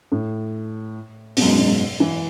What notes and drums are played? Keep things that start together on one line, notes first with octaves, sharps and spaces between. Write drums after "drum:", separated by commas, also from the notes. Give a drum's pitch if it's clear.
A2
B2, drum: open hi-hat
F#2
G#2
B2
G#2
E3